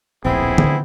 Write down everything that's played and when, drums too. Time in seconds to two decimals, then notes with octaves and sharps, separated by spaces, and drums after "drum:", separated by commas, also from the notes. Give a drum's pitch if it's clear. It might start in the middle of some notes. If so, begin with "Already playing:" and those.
0.25 D1 A#1 B3 C4 E4 G#4
0.58 drum: tom D3